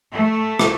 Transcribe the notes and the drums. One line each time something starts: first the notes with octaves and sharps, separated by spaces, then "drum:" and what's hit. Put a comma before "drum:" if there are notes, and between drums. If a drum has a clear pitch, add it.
A3
drum: rim click